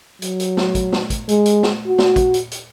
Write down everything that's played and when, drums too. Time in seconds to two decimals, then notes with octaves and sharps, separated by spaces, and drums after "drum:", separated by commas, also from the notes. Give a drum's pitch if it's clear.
0.22 F#3, drum: hi-hat
0.40 drum: hi-hat
0.57 drum: snare
0.75 drum: kick, hi-hat
0.93 drum: snare
1.10 drum: kick, hi-hat
1.29 G#3, drum: hi-hat
1.45 drum: hi-hat
1.63 drum: snare
1.87 F#4
1.98 drum: snare
2.16 drum: kick, hi-hat
2.34 drum: hi-hat
2.51 drum: hi-hat